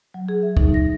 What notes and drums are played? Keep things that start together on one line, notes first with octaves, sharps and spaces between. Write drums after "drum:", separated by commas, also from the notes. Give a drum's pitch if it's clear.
F#3
G#4
E5
D#4, drum: kick
A#6